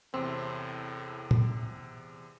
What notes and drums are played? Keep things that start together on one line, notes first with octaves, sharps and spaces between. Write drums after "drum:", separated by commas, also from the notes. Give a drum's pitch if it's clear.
E2 A2 C3 C4
drum: tom